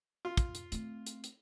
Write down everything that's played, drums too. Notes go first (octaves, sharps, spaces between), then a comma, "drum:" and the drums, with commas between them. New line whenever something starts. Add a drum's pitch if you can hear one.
F4
drum: kick, hi-hat
drum: hi-hat
A3 C4, drum: hi-hat
drum: hi-hat
drum: hi-hat